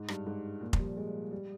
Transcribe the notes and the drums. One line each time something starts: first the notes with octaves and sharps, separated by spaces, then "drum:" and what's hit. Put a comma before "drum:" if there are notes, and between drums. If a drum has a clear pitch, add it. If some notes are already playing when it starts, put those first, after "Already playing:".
Already playing: G#2
G2, drum: rim click
G#2
A#2
F3, drum: kick F1
G3
G#3
G3